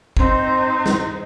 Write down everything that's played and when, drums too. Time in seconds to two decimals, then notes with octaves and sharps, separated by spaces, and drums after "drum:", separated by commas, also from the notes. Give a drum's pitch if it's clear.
0.17 C4 D#4 C5, drum: kick
0.86 drum: snare